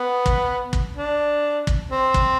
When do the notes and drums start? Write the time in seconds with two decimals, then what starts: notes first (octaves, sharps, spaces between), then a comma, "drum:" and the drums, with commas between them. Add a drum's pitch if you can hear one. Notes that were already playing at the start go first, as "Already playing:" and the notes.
Already playing: B3
0.26 drum: kick
0.73 drum: kick
0.97 D4
1.67 drum: kick
1.91 C4
2.14 drum: kick